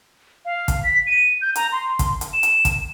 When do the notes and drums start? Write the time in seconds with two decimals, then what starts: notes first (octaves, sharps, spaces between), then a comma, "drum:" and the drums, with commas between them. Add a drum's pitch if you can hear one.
0.45 F5
0.68 drum: kick, hi-hat
0.83 B6
1.07 D#7
1.41 G6
1.56 A#5, drum: hi-hat
1.72 C6
1.99 drum: kick, hi-hat
2.21 drum: hi-hat
2.33 E7
2.43 drum: hi-hat
2.65 drum: kick, hi-hat